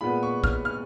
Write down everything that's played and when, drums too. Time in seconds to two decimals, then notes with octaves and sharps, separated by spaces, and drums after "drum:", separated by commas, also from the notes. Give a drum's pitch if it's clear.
0.01 A#2 G#3 B3 B5
0.23 C#6
0.44 F6, drum: kick
0.65 F6